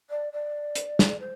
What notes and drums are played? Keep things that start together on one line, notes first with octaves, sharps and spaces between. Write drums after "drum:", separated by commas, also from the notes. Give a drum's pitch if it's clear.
D5
D5
drum: hi-hat
drum: snare
C5